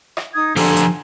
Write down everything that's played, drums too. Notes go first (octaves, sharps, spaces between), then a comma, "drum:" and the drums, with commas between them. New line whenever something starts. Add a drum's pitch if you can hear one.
drum: rim click
D#4 D#6 G#6
D3 F3 G4 A4 G#5 A#5 C6, drum: open hi-hat
drum: hi-hat